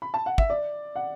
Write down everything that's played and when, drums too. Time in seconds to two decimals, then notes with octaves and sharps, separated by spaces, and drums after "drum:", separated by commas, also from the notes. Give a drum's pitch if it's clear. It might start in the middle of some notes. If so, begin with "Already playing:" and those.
0.02 B5
0.14 A5
0.26 F#5
0.38 E5, drum: kick
0.50 D5
0.96 F#5